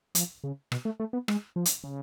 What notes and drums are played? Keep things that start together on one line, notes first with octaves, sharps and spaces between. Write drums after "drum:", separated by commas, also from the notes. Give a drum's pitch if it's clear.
F3, drum: hi-hat
C#3
B2, drum: rim click
A3
A3
B3
G#3, drum: rim click
F3
drum: hi-hat
C#3